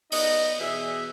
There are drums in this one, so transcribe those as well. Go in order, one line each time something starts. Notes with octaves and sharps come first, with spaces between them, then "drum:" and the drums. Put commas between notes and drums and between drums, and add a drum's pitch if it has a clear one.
B3 D#4 D#5, drum: open hi-hat
B2 E3 G#4 E5